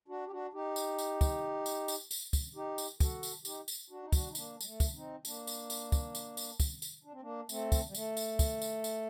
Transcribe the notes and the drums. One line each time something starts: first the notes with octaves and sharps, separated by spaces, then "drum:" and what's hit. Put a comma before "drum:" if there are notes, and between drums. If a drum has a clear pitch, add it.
D4 F#4
G4
D4 F#4
D#4 G4
drum: tambourine
drum: tambourine
drum: kick, tambourine
drum: tambourine
drum: tambourine
drum: tambourine
drum: kick, tambourine
D#4 G4
drum: tambourine
F#4 A4, drum: kick, tambourine
drum: tambourine
D#4 G4, drum: tambourine
drum: tambourine
D4 F#4
D#4
D4 F#4, drum: kick, tambourine
D#4
A#3 D4, drum: tambourine
G3, drum: tambourine
A3
drum: kick, tambourine
C4 D#4
A#3 D4, drum: tambourine
drum: tambourine
drum: tambourine
drum: kick, tambourine
drum: tambourine
drum: tambourine
drum: kick, tambourine
drum: tambourine
D4
C4
A#3 D4
A3 C4, drum: tambourine
drum: kick, tambourine
G3
A3, drum: tambourine
drum: tambourine
drum: kick, tambourine
drum: tambourine
drum: tambourine